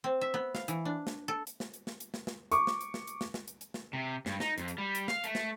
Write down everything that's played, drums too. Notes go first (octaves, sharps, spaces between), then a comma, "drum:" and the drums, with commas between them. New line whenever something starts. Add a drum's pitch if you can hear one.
C4
E5
B3
F5, drum: snare
E3, drum: hi-hat
D4
drum: snare
A4
drum: hi-hat
drum: snare
drum: hi-hat
drum: snare
drum: hi-hat
drum: snare
drum: snare
C#6 D6, drum: hi-hat
drum: snare
drum: hi-hat
drum: snare
drum: hi-hat
drum: snare
drum: snare
drum: hi-hat
drum: hi-hat
drum: snare
C3
G2, drum: snare
D#4, drum: snare
F2, drum: hi-hat
drum: hi-hat
G3
drum: hi-hat
F5, drum: snare
A3, drum: hi-hat
drum: snare